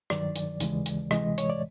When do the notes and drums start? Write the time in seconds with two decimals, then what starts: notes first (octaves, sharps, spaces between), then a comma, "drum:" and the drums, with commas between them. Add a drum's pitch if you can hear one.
0.10 G2 D#3 F#3 D5, drum: rim click
0.36 drum: hi-hat
0.60 D#2 C#3 E3 G#3, drum: hi-hat
0.86 drum: hi-hat
1.11 D2 C3 E3 G#3 D#5, drum: rim click
1.38 C#5, drum: hi-hat
1.50 D5